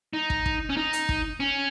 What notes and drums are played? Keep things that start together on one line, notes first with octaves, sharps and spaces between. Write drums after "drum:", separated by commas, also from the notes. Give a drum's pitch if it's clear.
D#4
drum: kick
drum: kick
C#4
D#4
drum: hi-hat
drum: kick
C#4